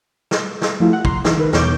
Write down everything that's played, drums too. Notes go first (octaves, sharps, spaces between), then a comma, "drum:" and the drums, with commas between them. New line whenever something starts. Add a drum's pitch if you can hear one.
drum: snare
drum: snare
F3 A3 E4 F4 G4
F#5
A#5 C6, drum: kick
E3 D#4, drum: snare
D#3 D#4 A#4 B4
E2 B2 C#5 D6 G6, drum: snare